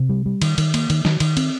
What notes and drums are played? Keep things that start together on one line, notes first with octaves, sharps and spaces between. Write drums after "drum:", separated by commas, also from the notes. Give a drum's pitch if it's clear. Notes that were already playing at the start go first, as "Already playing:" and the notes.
Already playing: C3
G3
G3
D#3, drum: cymbal
D#3, drum: cymbal
A#3, drum: cymbal
D#3, drum: cymbal
D#3, drum: snare
D#3, drum: cymbal
C4, drum: cymbal